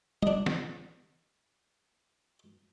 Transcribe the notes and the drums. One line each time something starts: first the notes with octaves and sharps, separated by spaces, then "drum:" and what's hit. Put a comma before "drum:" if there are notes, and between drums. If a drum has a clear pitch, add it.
D4 D#5, drum: tom G3
drum: snare